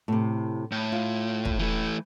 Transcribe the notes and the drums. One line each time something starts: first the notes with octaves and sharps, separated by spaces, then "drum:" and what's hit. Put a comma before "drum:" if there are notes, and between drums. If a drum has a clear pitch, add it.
A2 C3
A2
F4
drum: kick
E3 A3